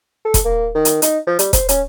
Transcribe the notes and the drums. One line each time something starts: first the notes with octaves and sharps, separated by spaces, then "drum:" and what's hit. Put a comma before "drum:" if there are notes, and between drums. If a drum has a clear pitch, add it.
A4
drum: kick E1, hi-hat
A#3
D#3
drum: hi-hat
D#4, drum: hi-hat
F3
G3, drum: hi-hat
C5, drum: kick E1, hi-hat
C#4, drum: hi-hat